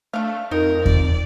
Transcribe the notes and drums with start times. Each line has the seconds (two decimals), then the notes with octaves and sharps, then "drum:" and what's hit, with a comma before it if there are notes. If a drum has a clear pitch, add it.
0.13 A3 D4 F5
0.51 F2 D#4 A#4
0.86 D5, drum: kick E2